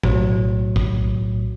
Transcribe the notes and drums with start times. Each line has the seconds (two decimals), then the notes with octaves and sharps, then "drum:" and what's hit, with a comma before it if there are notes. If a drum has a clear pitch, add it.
0.03 B1 A2 F#3, drum: kick
0.76 drum: kick